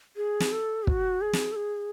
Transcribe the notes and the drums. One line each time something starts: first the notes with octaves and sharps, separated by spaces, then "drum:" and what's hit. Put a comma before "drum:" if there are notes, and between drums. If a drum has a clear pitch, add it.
G#4
drum: snare
A4
F#4, drum: kick
G#4
drum: snare
A4
G#4